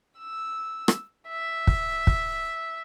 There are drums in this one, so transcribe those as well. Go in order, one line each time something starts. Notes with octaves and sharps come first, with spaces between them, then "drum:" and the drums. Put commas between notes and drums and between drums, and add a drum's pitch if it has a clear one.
E6
drum: rim click
E5
drum: kick
drum: kick